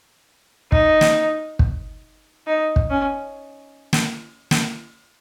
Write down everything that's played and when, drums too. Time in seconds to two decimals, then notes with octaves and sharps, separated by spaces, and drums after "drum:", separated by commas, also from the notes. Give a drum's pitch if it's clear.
0.72 D#4, drum: kick
1.01 drum: snare
1.59 drum: kick
2.47 D#4
2.76 drum: kick
2.90 C#4
3.93 drum: snare
4.51 drum: snare